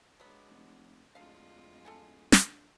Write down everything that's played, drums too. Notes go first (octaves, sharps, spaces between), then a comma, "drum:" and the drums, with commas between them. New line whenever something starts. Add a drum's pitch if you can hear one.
F#3 G#3 B3 D4
F1
D1 F2 D3 G#3 F4 F5
A4 F#5 G#5
D3, drum: snare